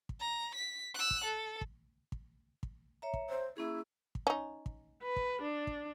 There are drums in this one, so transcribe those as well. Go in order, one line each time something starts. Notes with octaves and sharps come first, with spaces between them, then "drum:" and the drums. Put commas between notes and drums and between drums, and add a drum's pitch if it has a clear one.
drum: kick
A#5
B6
E6 F#6
drum: kick
A4
drum: kick
drum: kick
drum: kick
C#5 E5 A#5
drum: kick
C5
A#3 C#4 E4 G#4
drum: kick
C#4 D#4
drum: kick
B4
drum: kick
D4
drum: kick